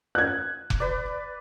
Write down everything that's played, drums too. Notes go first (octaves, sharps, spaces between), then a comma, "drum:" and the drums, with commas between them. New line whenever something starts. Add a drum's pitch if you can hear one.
F#6 G#6
drum: kick F1
B4 D5